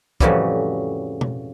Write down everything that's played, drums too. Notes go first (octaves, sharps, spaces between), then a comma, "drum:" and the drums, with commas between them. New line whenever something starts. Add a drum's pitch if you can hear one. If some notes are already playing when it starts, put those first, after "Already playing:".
F2 A2 C#3 E3 F#3 G3, drum: kick
drum: tom B2